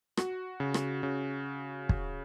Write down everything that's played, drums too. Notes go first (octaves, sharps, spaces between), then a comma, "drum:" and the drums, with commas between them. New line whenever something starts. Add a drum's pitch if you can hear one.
F#4, drum: rim click
C#3
drum: rim click
C#3
drum: kick